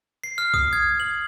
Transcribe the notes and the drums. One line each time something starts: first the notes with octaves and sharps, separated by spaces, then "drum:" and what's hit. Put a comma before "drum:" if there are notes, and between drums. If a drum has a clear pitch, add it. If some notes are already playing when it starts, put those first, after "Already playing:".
C7
F6
D#6, drum: kick
G#6
F#7